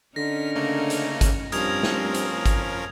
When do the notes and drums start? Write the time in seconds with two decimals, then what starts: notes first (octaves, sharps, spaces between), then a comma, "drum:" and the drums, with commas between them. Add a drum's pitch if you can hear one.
0.16 D3 C#4 D#4 A#4 A#6 B6
0.56 C#3 A3 A#3
0.90 drum: hi-hat
1.21 drum: kick G#1, hi-hat
1.52 G2 F3 C4 C#4 A#4 D#6 G#6 F7, drum: hi-hat
1.83 drum: snare
2.14 drum: hi-hat
2.46 drum: kick G#1, hi-hat